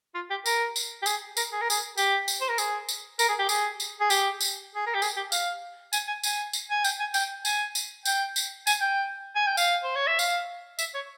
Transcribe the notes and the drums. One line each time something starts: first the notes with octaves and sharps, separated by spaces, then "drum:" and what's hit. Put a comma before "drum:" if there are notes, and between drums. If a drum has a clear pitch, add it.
F4
G4
A#4, drum: tambourine
drum: tambourine
G4
G#4, drum: tambourine
A#4, drum: tambourine
G#4
A#4
G#4, drum: tambourine
G4, drum: tambourine
drum: tambourine
C5
A#4
G#4, drum: tambourine
drum: tambourine
A#4, drum: tambourine
G#4
G4
G#4, drum: tambourine
drum: tambourine
G#4
G4, drum: tambourine
drum: tambourine
G#4
A#4
G4
G#4, drum: tambourine
G4
F5, drum: tambourine
G#5, drum: tambourine
G#5
G#5, drum: tambourine
drum: tambourine
G#5
G5, drum: tambourine
G#5
G5, drum: tambourine
G#5, drum: tambourine
drum: tambourine
G5, drum: tambourine
drum: tambourine
G#5, drum: tambourine
G5
G#5
G5
F5, drum: tambourine
C5
C#5
E5
F5, drum: tambourine
E5, drum: tambourine
C#5